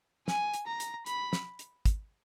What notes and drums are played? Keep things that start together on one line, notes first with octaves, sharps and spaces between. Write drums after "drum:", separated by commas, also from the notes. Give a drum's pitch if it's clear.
G#5, drum: snare
drum: hi-hat
A#5
drum: hi-hat
B5, drum: hi-hat
drum: snare
drum: hi-hat
drum: kick, hi-hat